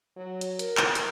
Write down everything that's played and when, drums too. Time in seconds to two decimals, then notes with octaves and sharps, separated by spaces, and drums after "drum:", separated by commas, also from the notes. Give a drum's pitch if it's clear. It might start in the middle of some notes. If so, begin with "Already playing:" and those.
0.17 F#3
0.41 drum: hi-hat
0.59 A#4, drum: hi-hat
0.77 drum: clap
0.95 drum: hi-hat